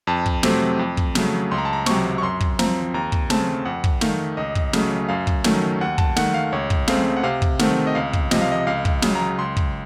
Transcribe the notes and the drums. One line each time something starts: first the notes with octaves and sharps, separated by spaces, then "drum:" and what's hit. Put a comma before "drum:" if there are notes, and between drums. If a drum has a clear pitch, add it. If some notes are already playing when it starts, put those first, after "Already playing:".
F2 A5
drum: kick
C3 F#3 A3 C4, drum: snare
F2
drum: kick
C#3 F#3 A3, drum: snare
C#2 C6
A#5
A5
A#5
C3 F#3 C4 C#6, drum: snare
C#6
F#2 C6
drum: kick
F3 C4 A#5, drum: snare
D#2 A#5
drum: kick
C#3 A3 C4 A5, drum: snare
F2 F#5
drum: kick
D#3 A3 F5, drum: snare
C#2 D#5
drum: kick
C#3 F#3 A3 C#4, drum: snare
F#2 F5
drum: kick
D#3 F#3 A3 C#4, drum: snare
D#2 F#5
A5, drum: kick
D#3 A3 F#5, drum: snare
F5
C#2 C#5
drum: kick
C#3 A3 C4 F5, drum: snare
F#5
C3 F5
drum: kick
D#3 A3 C4 F#5, drum: snare
D#5
C#2 F5
drum: kick
C3 F3 D#5, drum: snare
F5
D#5
C#2 F5
drum: kick
C#3 F#3, drum: snare
A#5
C#2 C6
drum: kick